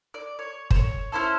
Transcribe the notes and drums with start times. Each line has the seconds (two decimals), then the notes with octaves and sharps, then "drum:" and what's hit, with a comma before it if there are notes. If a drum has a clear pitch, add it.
0.14 D5
0.39 C#5
0.71 C5, drum: kick
0.76 C#5
1.12 C#4 E4 A4 C5